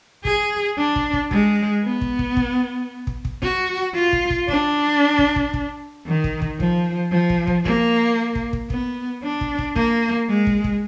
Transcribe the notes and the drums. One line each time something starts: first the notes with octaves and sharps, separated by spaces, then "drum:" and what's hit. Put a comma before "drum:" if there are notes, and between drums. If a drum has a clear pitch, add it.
G#4, drum: kick
D4
drum: kick
drum: kick
G#3, drum: kick
B3
drum: kick
drum: kick
drum: kick
drum: kick
drum: kick
F#4, drum: kick
F4
drum: kick
drum: kick
D4, drum: kick
drum: kick
drum: kick
drum: kick
D#3
drum: kick
drum: kick
F3, drum: kick
F3
drum: kick
drum: kick
A#3, drum: kick
drum: kick
drum: kick
B3, drum: kick
D4
drum: kick
drum: kick
A#3, drum: kick
G#3
drum: kick
drum: kick